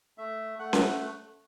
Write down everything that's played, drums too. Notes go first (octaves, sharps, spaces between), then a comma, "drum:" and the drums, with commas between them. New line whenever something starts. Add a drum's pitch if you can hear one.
A3 E5
A3 F#5
drum: snare C#4